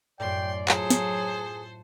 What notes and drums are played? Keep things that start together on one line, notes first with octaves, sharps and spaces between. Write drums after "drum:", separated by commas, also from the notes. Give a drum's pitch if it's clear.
F#2 A2 D5 G5 C6
F#3 F4 G#4 A4 C5, drum: clap
drum: snare